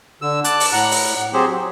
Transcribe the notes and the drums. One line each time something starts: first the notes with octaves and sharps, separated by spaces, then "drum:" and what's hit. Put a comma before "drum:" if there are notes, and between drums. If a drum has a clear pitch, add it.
D3 E6
A5 D6 F#6, drum: hi-hat
drum: open hi-hat
A2 F#5 A#5 F#6
drum: open hi-hat
F#3 C4 G4 G#4 C5
F#3